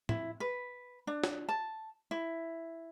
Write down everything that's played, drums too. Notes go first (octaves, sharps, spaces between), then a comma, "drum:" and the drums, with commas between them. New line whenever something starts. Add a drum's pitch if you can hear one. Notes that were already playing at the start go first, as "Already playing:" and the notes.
E4, drum: tom
B4
D4
drum: snare
A5
E4